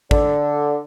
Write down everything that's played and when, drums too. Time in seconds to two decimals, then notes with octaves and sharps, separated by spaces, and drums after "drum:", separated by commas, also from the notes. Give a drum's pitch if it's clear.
0.11 D3, drum: kick